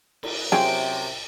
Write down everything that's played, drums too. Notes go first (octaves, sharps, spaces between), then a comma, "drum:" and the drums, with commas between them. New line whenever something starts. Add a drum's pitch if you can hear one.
drum: cymbal
F#2 C3 F#3 F4 G#4 G5, drum: snare